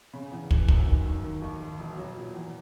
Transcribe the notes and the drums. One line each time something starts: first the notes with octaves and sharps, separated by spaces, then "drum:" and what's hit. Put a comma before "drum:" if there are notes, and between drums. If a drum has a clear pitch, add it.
C#3
E2
E3, drum: kick
F#2, drum: kick
D#3
D#2
D#3
D#2
D#2
E1
F#3
A#2
E2